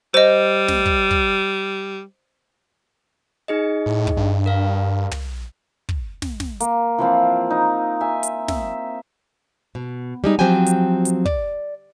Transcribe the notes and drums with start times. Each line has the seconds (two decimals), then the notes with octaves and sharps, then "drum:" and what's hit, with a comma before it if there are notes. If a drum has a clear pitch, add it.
0.14 G3 C5 D#5
0.68 drum: snare
0.86 drum: kick
1.11 drum: kick
3.48 D#4 G#4 D#5
3.86 A2
4.07 drum: kick
4.17 G2
4.46 A#4 F5
5.11 drum: tom
5.89 drum: kick
6.22 drum: snare
6.40 drum: snare
6.60 A#3, drum: hi-hat
6.98 E3 F3 C4 F4
7.50 D#4
8.01 E5 G#5
8.23 drum: hi-hat
8.48 E5, drum: snare
9.75 B2
10.24 G3 G#3 D#4
10.39 F3 F#3 C4 G4 G5 G#5
10.66 drum: hi-hat
11.05 drum: hi-hat
11.26 D5, drum: kick